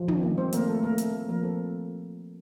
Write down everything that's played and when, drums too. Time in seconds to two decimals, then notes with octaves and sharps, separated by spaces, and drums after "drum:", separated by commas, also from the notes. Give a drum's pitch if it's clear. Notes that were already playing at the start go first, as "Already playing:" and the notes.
Already playing: F3
0.08 D#3, drum: tom
0.23 D#3
0.38 C4 C5
0.53 A3 A#3 A#4, drum: hi-hat
0.68 A3 A4
0.83 A3 A#3 A#4
0.98 C4, drum: hi-hat
1.13 A3
1.29 F3 A#3 A#4
1.43 A3 C4 A4